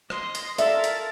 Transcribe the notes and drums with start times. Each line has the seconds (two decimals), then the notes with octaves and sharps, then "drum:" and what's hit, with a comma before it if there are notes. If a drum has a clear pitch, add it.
0.10 D#5 C6, drum: rim click
0.35 drum: hi-hat
0.58 F4 A4 A#4 D5 E5 A6, drum: hi-hat
0.84 drum: hi-hat